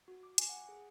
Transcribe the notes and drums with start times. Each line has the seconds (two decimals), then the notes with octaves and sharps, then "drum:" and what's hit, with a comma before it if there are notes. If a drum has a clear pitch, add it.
0.08 F#4
0.23 D6
0.38 G#5, drum: hi-hat
0.49 F#5
0.69 G#4